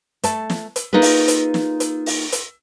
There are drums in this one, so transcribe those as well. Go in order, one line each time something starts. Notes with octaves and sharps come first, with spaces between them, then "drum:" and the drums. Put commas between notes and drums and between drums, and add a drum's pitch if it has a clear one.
A3 A5, drum: hi-hat
drum: snare
drum: hi-hat
A#3 D#4 F4 G#4 B4
drum: open hi-hat
drum: hi-hat
drum: snare
drum: hi-hat
drum: open hi-hat
drum: hi-hat